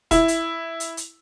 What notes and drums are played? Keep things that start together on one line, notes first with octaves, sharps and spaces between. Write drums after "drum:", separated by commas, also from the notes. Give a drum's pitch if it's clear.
E4, drum: kick, hi-hat
drum: hi-hat
drum: hi-hat
drum: hi-hat